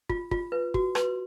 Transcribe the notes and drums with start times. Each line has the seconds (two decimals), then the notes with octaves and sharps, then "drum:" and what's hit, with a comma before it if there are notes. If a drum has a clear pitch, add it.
0.09 F4, drum: kick
0.31 F4, drum: kick
0.52 B4
0.74 F#4, drum: kick
0.95 B4 C6, drum: rim click